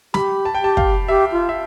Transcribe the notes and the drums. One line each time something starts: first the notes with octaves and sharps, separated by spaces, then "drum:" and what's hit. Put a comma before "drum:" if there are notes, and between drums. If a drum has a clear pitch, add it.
G4 B5, drum: snare
A5
G5
G4 A5
F5, drum: kick
G4 E5
F4
E5